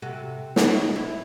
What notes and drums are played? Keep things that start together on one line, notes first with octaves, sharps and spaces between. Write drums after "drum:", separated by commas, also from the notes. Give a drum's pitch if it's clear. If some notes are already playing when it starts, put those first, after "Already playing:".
C3 F#4 A4
D#4, drum: snare
E4